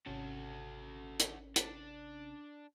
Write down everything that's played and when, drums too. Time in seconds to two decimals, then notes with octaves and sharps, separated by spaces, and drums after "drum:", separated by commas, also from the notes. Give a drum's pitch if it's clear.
0.06 G#1 C3 C#4 F#4 A4
1.20 drum: hi-hat
1.56 D4, drum: hi-hat